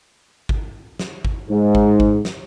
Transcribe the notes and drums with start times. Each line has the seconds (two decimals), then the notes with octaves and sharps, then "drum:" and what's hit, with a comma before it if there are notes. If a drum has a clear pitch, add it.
0.49 drum: kick G#1
0.99 drum: snare
1.25 drum: kick G#1
1.50 G#2
1.75 drum: kick G#1
2.00 drum: kick G#1
2.25 drum: snare